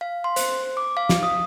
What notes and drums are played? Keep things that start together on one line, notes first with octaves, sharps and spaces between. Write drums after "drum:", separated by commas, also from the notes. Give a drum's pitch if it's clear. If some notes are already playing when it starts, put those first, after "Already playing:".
F5
C6
C5, drum: hi-hat
D6
F5
drum: snare
D#6